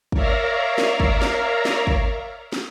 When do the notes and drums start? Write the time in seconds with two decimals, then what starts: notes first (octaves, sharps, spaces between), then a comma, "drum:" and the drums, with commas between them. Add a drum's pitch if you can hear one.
0.12 A#4 C#5 D5 E5 F5 A#5, drum: kick
0.78 drum: snare
1.00 drum: kick
1.22 drum: snare
1.65 drum: snare
1.87 drum: kick
2.52 drum: snare